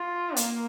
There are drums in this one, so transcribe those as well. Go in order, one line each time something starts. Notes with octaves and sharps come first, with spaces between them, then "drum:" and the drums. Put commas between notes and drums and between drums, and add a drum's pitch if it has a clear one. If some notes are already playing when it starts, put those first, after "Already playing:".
Already playing: F4
A#3, drum: hi-hat